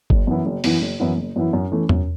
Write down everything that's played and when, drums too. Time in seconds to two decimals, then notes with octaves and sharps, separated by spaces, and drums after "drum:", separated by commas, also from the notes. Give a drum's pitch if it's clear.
0.10 F#1, drum: kick G1
0.27 F#2 E3 B3 E4
0.46 F#1
0.64 F#2 E3 B3 E4, drum: open hi-hat
0.82 F#1
1.00 F#2 E3 B3 E4
1.18 F#1
1.36 F#2 E3 B3 E4
1.53 F#2
1.72 E3 A3 C#4
1.89 F#2, drum: tom E2